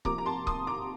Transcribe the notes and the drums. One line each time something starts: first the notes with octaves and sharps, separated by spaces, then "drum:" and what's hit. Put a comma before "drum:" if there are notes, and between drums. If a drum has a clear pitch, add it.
C3 F3 A#3 A#5 D6, drum: kick C#1
A#5
A5 C6
C6 D#6, drum: kick C#1
A#5 D6